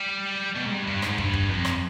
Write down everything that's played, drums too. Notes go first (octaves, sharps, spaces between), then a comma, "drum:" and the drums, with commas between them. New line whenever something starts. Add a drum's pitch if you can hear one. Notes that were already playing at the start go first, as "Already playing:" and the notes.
Already playing: G3
B2
G#2
G2
G2
G#2, drum: rim click
G2, drum: kick
drum: kick
F2
drum: rim click